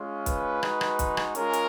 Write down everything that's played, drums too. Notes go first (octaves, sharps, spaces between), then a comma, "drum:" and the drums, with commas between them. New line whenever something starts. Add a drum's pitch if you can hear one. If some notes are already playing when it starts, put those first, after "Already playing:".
Already playing: G#3 C#4 F4
B4, drum: kick, hi-hat
G#3 D#4 F#4, drum: rim click
drum: rim click
drum: kick, hi-hat
drum: rim click
G#3 C#4 F4 A#4, drum: hi-hat
drum: hi-hat